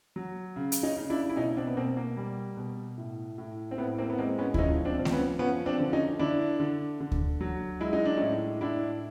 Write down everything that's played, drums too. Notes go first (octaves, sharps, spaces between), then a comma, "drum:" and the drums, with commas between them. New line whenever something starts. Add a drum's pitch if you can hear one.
F#3
C#3
drum: hi-hat
C#4 D#4
C#3
D4 E4
E4
B2 C#4 D#4
C4 D4
B3
B2 A#3 C4
A#3
G3
B2
A2
A2
C4
A2 B3
A#3 C4
B3
G#3 A#3 C4
B3 C#4
E4, drum: kick D2
F3 C#4 D#4
C4 D4
F3
C4, drum: snare A3
B3 C#4
F3 B3 C#4
C4 D4
D3
C#4 D#4
D3 D4 E4
D3
D3
drum: kick D2
F#3
G#3 E4
D#4
D4
A2 C#4 D#4
A2 D4 E4